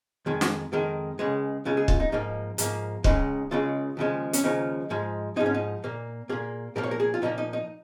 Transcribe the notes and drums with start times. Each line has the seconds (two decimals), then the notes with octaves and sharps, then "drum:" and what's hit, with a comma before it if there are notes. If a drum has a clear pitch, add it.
0.26 F2 D#3 G#3
0.41 drum: snare
0.73 F2 D#3 G#3 A#4
1.19 C#2 C#3 G#3
1.65 C#2 C#3 G#3 F4
1.77 G#4
1.88 F4, drum: kick
2.00 D#4
2.12 G#2 F3 A#3 D#4
2.58 G#2 F3 A#3, drum: hi-hat
3.04 C#2 C#3 G#3 D#4, drum: kick
3.51 C#2 C#3 G#3 F4
3.97 D#2 C#3 F3 G#3
4.33 C#4, drum: hi-hat
4.44 D#2 C#3 F3 G#3 D#4
4.90 G#2 F3 G#3
5.36 G#2 F3 G#3 D#4
5.46 C#4
5.54 D#4
5.84 A#2 A#3
6.29 A#2 A#3 G#4
6.76 A#2 F3 A#3 A#4
6.83 C#5
6.91 A#4
7.00 G#4
7.14 F4
7.22 A#2 F3 A#3 D#4
7.38 D#4
7.53 D#4